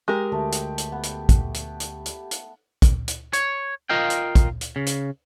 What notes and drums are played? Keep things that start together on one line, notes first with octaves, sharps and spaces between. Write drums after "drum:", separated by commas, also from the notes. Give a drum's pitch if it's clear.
G#3 G4 A#4
D2 A3
drum: hi-hat
drum: hi-hat
B3
drum: hi-hat
drum: kick, hi-hat
drum: hi-hat
drum: hi-hat
drum: hi-hat
drum: hi-hat
drum: kick, hi-hat
drum: hi-hat
C#5, drum: hi-hat
F4 A#4 D#5 F5 G5
drum: hi-hat
drum: kick, hi-hat
drum: hi-hat
C#3
drum: hi-hat